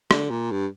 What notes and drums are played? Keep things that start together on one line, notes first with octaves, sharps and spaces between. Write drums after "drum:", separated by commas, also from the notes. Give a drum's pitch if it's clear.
D3, drum: rim click
A#2
G2